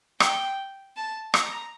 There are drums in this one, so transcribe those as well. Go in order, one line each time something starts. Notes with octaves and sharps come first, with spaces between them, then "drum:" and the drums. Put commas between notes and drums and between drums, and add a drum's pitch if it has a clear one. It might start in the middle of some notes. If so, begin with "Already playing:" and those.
G5, drum: rim click
A5
A#5, drum: rim click